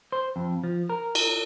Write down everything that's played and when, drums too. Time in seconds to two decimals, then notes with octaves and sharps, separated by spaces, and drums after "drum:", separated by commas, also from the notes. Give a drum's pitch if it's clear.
0.12 C5
0.36 F2
0.64 F3
0.90 A#4
1.15 drum: cymbal